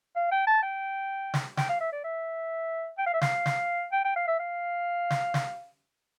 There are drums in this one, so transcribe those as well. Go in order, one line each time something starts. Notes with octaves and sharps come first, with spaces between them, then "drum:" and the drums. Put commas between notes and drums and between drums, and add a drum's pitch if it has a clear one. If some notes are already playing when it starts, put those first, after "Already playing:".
F5
G5
A5
G5
drum: snare
G5, drum: snare
F5
E5
D5
E5
G5
F5
E5
F5, drum: snare
drum: snare
G5
G5
F5
E5
F5
drum: snare
drum: snare